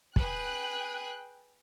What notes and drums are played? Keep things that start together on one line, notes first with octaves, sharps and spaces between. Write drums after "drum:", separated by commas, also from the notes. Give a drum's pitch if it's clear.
G#4 B4 G5 F#6, drum: kick